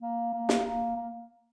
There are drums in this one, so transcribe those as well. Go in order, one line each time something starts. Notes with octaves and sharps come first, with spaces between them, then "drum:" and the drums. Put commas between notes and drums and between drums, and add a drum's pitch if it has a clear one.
A#3
A#3
drum: snare
A#3
A#3